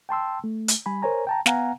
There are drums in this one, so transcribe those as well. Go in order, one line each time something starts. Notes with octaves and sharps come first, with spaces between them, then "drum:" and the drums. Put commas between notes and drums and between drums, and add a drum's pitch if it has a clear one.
G5 A5 C6 E6
A3
drum: hi-hat
G3 G#5 B5
A#4 C5 C#5 G#5 A#5
G5 A5 A#5
B3 F5 F#5 G#5 A#5, drum: snare